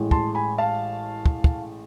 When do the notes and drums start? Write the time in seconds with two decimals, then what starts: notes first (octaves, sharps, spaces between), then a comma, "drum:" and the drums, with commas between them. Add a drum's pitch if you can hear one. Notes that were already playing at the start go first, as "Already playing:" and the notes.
Already playing: A1 A2 G#3
0.11 A5 C6, drum: kick
0.35 G#5 B5
0.58 F5 A5
1.26 drum: kick
1.44 drum: kick